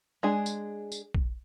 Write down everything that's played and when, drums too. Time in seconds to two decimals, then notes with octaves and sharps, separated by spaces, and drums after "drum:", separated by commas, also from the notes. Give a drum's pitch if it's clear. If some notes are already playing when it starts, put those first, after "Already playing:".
0.23 G#3 D4 G#4
0.46 drum: tambourine
0.92 drum: tambourine
1.14 drum: kick A#1